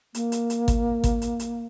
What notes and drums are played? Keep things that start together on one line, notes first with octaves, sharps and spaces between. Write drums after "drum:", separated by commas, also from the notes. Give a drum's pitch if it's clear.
A#3, drum: hi-hat
drum: hi-hat
drum: hi-hat
drum: kick G#1, hi-hat
drum: kick G#1, hi-hat
drum: hi-hat
drum: hi-hat